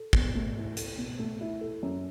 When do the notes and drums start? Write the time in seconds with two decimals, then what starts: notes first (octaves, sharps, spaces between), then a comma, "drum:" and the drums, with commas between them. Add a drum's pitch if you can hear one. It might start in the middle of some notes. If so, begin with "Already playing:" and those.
Already playing: A4
0.13 B2, drum: kick
0.35 A3
0.57 E4
0.77 A4, drum: hi-hat
0.98 B2
1.19 A3
1.41 E4
1.61 A4
1.83 F#2